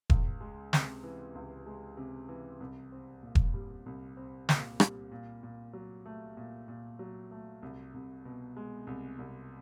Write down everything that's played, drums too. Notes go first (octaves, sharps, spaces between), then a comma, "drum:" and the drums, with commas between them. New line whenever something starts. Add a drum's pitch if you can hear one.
C#2, drum: kick E1
G#3
C3, drum: snare
E3
C#2
G#3
C3
E3
C2
C4
A#2
drum: kick E1
G3
C2
C4
A#2, drum: snare
G3, drum: rim click
A#2
A#2
F#3
A3
A#2
A#2
F#3
A3
C2
C2
B2
G#3
C2
C2